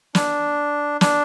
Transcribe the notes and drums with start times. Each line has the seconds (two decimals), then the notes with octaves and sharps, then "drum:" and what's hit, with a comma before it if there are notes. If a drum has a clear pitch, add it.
0.15 D4, drum: snare
1.01 D4, drum: snare